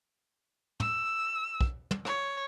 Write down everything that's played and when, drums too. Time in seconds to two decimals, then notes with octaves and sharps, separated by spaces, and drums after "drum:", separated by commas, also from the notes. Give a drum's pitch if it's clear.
0.80 E6, drum: tom
1.61 drum: kick
1.91 drum: tom
2.05 C#5, drum: rim click